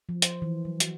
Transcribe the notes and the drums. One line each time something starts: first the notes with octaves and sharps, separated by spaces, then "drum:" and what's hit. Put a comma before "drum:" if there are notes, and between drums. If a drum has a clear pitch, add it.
F3
C5, drum: hi-hat
E3
F#3
F#4, drum: hi-hat